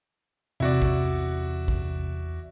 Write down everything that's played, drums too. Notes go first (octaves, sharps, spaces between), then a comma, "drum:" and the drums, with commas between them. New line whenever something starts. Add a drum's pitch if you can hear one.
E2 C3 C4 E4 F#4 D5
drum: kick A#1
drum: kick A#1